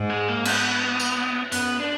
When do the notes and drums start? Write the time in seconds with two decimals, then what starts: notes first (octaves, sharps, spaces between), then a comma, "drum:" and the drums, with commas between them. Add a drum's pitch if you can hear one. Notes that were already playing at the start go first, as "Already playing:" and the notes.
Already playing: G#2
0.10 G#3
0.28 A#3
0.45 B3, drum: cymbal
1.00 drum: tambourine
1.52 F#2 B3, drum: hi-hat
1.80 D4